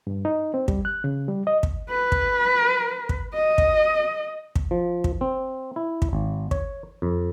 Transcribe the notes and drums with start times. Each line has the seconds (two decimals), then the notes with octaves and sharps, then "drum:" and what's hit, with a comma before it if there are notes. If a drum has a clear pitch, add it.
0.07 G2
0.25 D#4
0.54 C4
0.68 G3, drum: kick
0.85 F#6
1.04 C#3
1.28 G3
1.47 D#5
1.63 drum: kick
1.90 B4
2.12 drum: kick
3.09 drum: kick
3.34 D#5
3.58 drum: kick
4.56 drum: kick
4.71 F3
5.04 drum: kick
5.21 C4
5.76 E4
6.02 drum: kick
6.13 G#1
6.51 C#5, drum: kick
7.02 F2